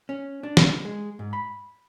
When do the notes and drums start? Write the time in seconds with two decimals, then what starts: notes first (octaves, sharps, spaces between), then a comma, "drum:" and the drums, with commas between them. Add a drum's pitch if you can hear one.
0.09 C#4
0.43 D4
0.57 drum: snare
0.85 G#3
1.19 G#2
1.33 B5